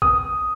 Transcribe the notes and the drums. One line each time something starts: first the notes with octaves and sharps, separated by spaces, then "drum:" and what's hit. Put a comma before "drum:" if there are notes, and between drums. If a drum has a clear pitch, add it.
D#6, drum: kick A#1